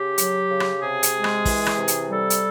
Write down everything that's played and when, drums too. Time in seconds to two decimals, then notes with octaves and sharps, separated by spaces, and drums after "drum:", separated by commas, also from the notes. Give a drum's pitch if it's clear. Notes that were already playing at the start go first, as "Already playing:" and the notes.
Already playing: C#3 G4
0.18 F#3, drum: hi-hat
0.49 C#3
0.60 drum: rim click
0.82 C3 G#4
1.03 drum: hi-hat
1.13 G#3
1.24 drum: rim click
1.45 E3, drum: kick, open hi-hat
1.66 drum: rim click
1.78 C3
1.88 drum: hi-hat
2.09 G3 A4
2.30 drum: hi-hat